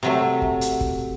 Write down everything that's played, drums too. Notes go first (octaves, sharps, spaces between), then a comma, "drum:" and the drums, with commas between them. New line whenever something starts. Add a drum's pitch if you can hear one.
C3 F#3 A3
drum: kick
drum: hi-hat
drum: kick